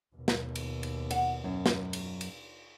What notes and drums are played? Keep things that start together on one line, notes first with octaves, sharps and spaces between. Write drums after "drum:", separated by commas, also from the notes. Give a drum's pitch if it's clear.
D#2 B2
drum: snare
drum: cymbal
drum: cymbal
F#5, drum: cymbal
F#2
drum: snare
drum: cymbal
drum: cymbal